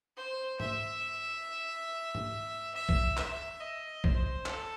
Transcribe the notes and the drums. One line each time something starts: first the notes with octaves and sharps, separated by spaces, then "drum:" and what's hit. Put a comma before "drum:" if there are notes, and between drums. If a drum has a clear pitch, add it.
C5
E5, drum: tom G#2
drum: tom G#2
E5
drum: kick A#1
E5, drum: clap
D#5
C5, drum: kick A#1
A4, drum: clap